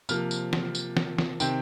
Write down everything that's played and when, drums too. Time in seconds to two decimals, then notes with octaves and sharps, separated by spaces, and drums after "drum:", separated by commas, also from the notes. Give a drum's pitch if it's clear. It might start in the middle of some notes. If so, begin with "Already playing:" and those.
0.09 C3 F3 A#3 F6, drum: tambourine
0.31 drum: tambourine
0.53 drum: snare
0.75 drum: tambourine
0.97 drum: snare
1.18 drum: snare
1.40 C3 D#3 C4 G5, drum: tambourine